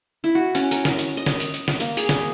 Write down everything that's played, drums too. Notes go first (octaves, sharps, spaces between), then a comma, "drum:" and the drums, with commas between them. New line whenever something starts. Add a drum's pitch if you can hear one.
E4
F#4
C#4, drum: hi-hat
A#4, drum: hi-hat
drum: snare
drum: hi-hat
D#5
drum: snare
drum: hi-hat
drum: hi-hat
drum: snare
A#3, drum: hi-hat
G#4, drum: hi-hat
drum: snare